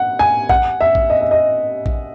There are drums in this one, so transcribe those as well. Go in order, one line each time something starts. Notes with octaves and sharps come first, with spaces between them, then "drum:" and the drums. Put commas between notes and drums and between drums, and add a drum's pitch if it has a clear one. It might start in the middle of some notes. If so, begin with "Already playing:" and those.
Already playing: F#5
G#5
F#5, drum: kick A#1
E5
drum: kick A#1
D#5
E5
D#5
drum: kick A#1